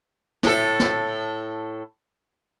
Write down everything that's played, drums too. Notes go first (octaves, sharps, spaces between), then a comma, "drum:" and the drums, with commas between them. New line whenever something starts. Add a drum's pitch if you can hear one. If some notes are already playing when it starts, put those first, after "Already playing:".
A2 A4, drum: snare
drum: snare